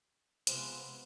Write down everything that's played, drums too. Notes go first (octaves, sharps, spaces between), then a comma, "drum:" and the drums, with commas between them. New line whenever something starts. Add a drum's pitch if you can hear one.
C3 F3 G#3 B3, drum: hi-hat